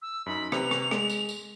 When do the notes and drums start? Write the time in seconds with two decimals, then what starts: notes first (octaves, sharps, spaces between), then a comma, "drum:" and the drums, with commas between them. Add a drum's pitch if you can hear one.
0.02 E6
0.26 F#2 D#4 B5
0.52 C3 B4 F7, drum: rim click
0.71 drum: rim click
0.91 G#3, drum: rim click
1.10 drum: tambourine
1.29 drum: tambourine